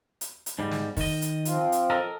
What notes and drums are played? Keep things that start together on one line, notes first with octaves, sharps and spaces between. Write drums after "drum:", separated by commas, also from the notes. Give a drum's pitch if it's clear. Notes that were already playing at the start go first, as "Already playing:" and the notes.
drum: hi-hat
drum: hi-hat
G#2 G3
drum: snare
D#3 D#5, drum: kick, open hi-hat
drum: hi-hat
F3 C4 F4, drum: hi-hat
drum: hi-hat
A4 A#4 D#5